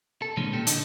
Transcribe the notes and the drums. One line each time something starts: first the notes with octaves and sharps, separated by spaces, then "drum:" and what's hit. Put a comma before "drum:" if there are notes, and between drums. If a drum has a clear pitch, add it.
A4
A#2 D3 E3 G#3 C#4
A#2 G4 A4
D3 D#4, drum: hi-hat